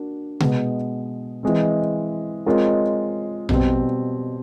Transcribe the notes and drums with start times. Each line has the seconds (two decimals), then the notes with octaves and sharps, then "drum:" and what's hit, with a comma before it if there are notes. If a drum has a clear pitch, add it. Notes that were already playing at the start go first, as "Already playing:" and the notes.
Already playing: A#3 D4 F#4
0.40 B2 G#3 B3, drum: tom C3
1.43 E3 G#3 C4
2.46 G#3 C4 F4 A#4 C#5
3.49 B2 G3 C4, drum: tom A#1